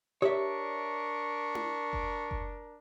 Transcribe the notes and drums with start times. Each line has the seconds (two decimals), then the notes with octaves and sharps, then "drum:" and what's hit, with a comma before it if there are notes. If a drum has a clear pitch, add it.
0.22 D4 G4 A#4 C#5 D5 E5 C#6
1.55 drum: tom E4
1.93 drum: kick F#1
2.31 drum: kick F#1